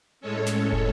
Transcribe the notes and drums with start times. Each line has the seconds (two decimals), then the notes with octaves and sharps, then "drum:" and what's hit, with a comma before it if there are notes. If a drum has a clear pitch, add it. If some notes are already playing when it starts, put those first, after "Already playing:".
0.21 A2 G#3 C#4 A4 C#5
0.47 drum: snare
0.72 drum: kick